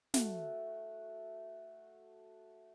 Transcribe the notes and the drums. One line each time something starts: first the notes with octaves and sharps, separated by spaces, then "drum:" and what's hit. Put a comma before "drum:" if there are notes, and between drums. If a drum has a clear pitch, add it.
A3 F#4, drum: snare